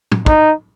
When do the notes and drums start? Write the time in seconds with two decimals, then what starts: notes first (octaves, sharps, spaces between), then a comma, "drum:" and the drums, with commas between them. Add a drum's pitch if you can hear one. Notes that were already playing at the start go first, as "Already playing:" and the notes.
0.12 drum: tom
0.26 D#4, drum: kick